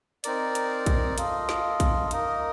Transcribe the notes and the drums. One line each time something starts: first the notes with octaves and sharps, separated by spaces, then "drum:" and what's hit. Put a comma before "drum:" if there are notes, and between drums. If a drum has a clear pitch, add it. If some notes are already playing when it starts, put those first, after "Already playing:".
C4 D#4 A#4 D5, drum: hi-hat
drum: hi-hat
drum: kick, hi-hat
A#3 F4 A4 D#5, drum: hi-hat
drum: snare
drum: kick, hi-hat
A#3 D#4 A#4 D#5, drum: hi-hat